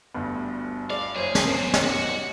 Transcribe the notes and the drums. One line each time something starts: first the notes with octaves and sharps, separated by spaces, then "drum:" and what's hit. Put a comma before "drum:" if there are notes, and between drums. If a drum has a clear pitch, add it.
G1 D2 G2 G3 B3
D5 F5
F#1 G#4 C5 C#5
drum: snare
F#2 B3 A#4 C#5 G#5 C7
drum: snare
D#4 F#4 G4 F#5